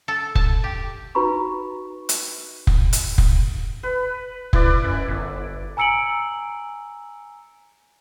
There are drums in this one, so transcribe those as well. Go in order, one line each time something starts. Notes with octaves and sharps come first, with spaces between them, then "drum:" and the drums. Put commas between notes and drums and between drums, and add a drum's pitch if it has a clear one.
A4
A5, drum: kick F1
G4
D#4 F#4 B4 A#5 B5 C#6
drum: hi-hat
drum: kick F1
drum: hi-hat
drum: kick F1
B4
E4 B4 D5, drum: kick F1
F#2
G1
G#5 A#5 E6 C#7 D7 F#7